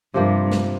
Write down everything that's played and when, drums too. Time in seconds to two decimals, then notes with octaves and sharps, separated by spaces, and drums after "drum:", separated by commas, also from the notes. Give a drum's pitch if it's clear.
0.14 G2 C3 F3 A#3
0.52 drum: snare A3